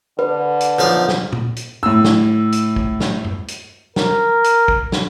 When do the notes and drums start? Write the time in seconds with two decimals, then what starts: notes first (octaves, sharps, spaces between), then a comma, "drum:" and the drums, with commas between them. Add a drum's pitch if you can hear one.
0.19 D3 B4
0.61 drum: hi-hat
0.79 B1 F3 D5
1.08 drum: snare
1.32 drum: tom
1.56 drum: hi-hat
1.83 A2 E6
2.04 drum: snare
2.52 drum: hi-hat
2.76 drum: kick
3.00 drum: snare
3.24 drum: tom F#2
3.48 drum: hi-hat
3.96 A#4, drum: snare
4.44 drum: hi-hat
4.68 drum: kick
4.92 drum: snare